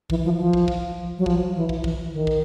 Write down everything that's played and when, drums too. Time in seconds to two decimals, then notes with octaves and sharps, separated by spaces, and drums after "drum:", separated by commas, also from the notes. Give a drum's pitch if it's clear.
0.10 E3, drum: kick
0.24 F3
0.39 F3
0.53 drum: kick
0.68 drum: kick
1.18 F#3
1.26 F3, drum: kick
1.55 E3
1.69 drum: kick
1.84 E3, drum: kick
2.13 D#3
2.27 drum: kick